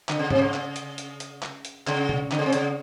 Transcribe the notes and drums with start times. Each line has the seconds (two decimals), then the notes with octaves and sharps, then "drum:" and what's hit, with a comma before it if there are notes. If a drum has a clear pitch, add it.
0.09 D3, drum: clap
0.19 C#3
0.30 C3, drum: tom G#2
0.42 C#3
0.54 drum: clap
0.76 drum: hi-hat
0.98 drum: hi-hat
1.20 drum: hi-hat
1.42 drum: clap
1.65 drum: hi-hat
1.87 C#3, drum: clap
2.09 drum: tom
2.31 D3, drum: clap
2.39 C#3
2.46 C3
2.53 C#3, drum: hi-hat